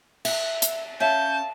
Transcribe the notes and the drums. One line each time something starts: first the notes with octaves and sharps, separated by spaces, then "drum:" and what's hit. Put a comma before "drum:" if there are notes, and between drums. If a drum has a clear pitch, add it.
E5, drum: cymbal
drum: hi-hat
C#4 C#5 E5 F5 A5 G6